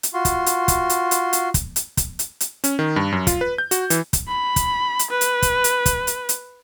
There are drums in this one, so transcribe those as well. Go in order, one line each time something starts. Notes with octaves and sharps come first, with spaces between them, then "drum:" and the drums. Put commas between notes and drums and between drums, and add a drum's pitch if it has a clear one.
drum: hi-hat
F4 F#4 C6
drum: kick, hi-hat
drum: hi-hat
drum: kick, hi-hat
drum: hi-hat
drum: hi-hat
drum: hi-hat
drum: kick, hi-hat
drum: hi-hat
drum: kick, hi-hat
drum: hi-hat
drum: hi-hat
C#4, drum: hi-hat
D#3
G2
F#2
F4, drum: kick, hi-hat
B4
G6
F#4, drum: hi-hat
E3, drum: hi-hat
drum: kick, hi-hat
B5
drum: kick, hi-hat
drum: hi-hat
B4
drum: hi-hat
drum: kick, hi-hat
drum: hi-hat
drum: kick, hi-hat
drum: hi-hat
drum: hi-hat